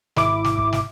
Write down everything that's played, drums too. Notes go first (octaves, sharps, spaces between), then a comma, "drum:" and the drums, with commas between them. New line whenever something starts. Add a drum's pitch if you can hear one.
G#1 E4 D6, drum: snare
drum: snare
drum: kick
drum: snare